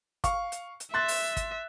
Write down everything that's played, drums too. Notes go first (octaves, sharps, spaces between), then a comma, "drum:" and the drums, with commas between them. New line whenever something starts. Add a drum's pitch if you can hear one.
F5 C#6, drum: kick, hi-hat
drum: hi-hat
drum: hi-hat
E5 C6 F#6 A6
drum: open hi-hat
drum: kick, hi-hat